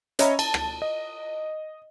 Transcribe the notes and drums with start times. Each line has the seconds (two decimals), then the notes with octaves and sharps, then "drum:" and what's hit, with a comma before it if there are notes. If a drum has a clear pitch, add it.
0.19 C#4 C#5 D#5 E5 A#5 B5, drum: hi-hat
0.39 A5, drum: cymbal
0.54 drum: rim click
0.82 D#5